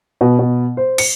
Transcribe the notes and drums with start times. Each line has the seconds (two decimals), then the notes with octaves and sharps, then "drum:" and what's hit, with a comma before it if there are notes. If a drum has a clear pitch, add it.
0.21 B2
0.39 B2
0.77 C5
0.98 C#7, drum: cymbal